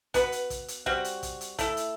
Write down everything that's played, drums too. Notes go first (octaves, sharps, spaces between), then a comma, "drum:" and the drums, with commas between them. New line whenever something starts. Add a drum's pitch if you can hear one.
B3 F#4 B4, drum: kick, hi-hat
drum: hi-hat
drum: kick, hi-hat
drum: hi-hat
G3 C4 F#4, drum: kick
drum: hi-hat
drum: kick, hi-hat
drum: hi-hat
A3 E4 A4, drum: kick, hi-hat
drum: hi-hat